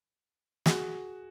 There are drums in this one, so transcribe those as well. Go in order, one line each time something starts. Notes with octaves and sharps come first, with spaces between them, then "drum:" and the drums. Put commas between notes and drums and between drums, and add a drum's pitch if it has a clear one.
F#4 G#4, drum: snare